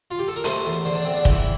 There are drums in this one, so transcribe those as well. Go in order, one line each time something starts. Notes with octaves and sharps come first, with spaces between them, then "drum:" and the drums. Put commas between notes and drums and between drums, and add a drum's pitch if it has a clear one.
F4
G4
A4
A#4
A3 C5, drum: hi-hat
E2
D3 C5
D4
E2 C4
D4
E3 E4, drum: kick